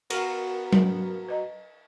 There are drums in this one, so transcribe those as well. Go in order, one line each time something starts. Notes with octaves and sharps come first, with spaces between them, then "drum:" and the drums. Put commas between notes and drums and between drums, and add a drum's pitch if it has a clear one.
B3 F#4 A#4 F5, drum: cymbal
drum: tom F#3
B4 D#5 A#5